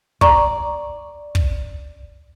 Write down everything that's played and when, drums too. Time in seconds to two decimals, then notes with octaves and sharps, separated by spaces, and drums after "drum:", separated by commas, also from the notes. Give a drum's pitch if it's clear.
0.21 D5 A#5 C#6, drum: kick
1.35 drum: kick